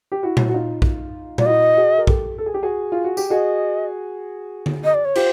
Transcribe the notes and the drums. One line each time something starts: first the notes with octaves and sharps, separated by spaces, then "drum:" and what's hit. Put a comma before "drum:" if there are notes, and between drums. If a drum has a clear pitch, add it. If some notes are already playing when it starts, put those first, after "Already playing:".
G4
E4 F#4
drum: tom A#2
F#4
D#4 F4
drum: kick A#1
F4 D5, drum: tom A#2
E4 F#4 D#5
F#4 G#4
A#4
G4 A4, drum: kick A#1
A4
G#4
G4
F#4 G#4
F4
F#4
G4, drum: tambourine
F#4 G#4 D#5
drum: tom D3
D#5
D5
C#5
F4 G4 C5, drum: cymbal